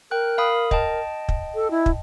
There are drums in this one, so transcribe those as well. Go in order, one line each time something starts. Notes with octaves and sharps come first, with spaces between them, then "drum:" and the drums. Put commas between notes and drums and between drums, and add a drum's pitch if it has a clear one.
A#4 G5 F#6
F5 B5 D#6
D#5 G5 A5, drum: kick
drum: kick
A4
E4
drum: kick